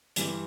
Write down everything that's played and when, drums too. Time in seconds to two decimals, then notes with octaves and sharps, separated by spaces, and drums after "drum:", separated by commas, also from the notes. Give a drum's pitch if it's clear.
0.16 G2 E3 G3 C4, drum: hi-hat